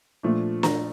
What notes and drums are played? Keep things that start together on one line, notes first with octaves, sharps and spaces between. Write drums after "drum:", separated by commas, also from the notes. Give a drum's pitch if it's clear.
A#2 F3 A3 D4
A#5, drum: snare